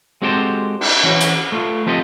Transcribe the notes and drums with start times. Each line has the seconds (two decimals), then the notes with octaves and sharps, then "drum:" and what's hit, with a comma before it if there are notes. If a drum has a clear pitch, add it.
0.22 G#3 C4 F#4 G4 A4 C5
0.81 drum: cymbal
1.03 E3 C#4 F#4
1.21 drum: hi-hat
1.52 A3 F4
1.86 F3 C4 G4 A4 C5 D#5